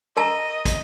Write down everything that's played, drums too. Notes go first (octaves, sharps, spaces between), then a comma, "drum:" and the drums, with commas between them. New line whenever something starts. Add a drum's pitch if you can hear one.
A#4 D#5 A5 A#5
drum: kick, hi-hat